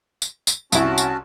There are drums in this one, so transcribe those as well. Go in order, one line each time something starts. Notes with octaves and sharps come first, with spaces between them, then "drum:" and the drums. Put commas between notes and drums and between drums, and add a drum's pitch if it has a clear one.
drum: tambourine
drum: tambourine
C2 C#4 E4 F#4 A5, drum: tambourine
drum: tambourine